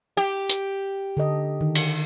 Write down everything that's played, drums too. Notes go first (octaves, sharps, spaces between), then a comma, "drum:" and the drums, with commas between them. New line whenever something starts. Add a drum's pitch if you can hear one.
G4
drum: hi-hat
D3 A4 D#5
D#3
drum: cymbal